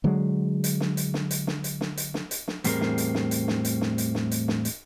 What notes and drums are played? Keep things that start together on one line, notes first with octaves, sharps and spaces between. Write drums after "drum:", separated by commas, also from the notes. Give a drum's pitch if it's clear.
D3 F#3 G#3
drum: hi-hat
drum: snare
drum: hi-hat
drum: snare
drum: hi-hat
drum: snare
drum: hi-hat
drum: snare
drum: hi-hat
drum: snare
drum: hi-hat
drum: snare
E2 A2 G3 C4 G#4 A#4, drum: hi-hat
drum: snare
drum: hi-hat
drum: snare
drum: hi-hat
drum: snare
drum: hi-hat
drum: snare
drum: hi-hat
drum: snare
drum: hi-hat
drum: snare
drum: hi-hat